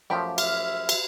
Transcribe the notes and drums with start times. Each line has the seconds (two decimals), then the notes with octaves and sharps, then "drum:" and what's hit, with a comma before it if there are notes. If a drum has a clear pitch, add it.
0.10 F#2 F3 A3 G4 G5 B5
0.38 E5 F6, drum: cymbal
0.89 drum: cymbal